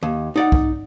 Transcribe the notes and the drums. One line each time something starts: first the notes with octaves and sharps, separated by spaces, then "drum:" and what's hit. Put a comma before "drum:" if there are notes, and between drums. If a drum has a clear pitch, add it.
D#2
D#4 D5 F#5
drum: kick